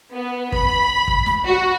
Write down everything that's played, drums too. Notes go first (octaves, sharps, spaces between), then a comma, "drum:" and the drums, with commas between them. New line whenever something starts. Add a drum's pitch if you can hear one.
B3
B5, drum: kick
drum: kick
drum: snare
F#4